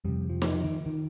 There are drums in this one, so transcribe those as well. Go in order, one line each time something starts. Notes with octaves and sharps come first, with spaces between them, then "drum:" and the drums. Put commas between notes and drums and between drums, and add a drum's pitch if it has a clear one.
F2 C3 G3
F3
drum: snare
F3
D#3
D#3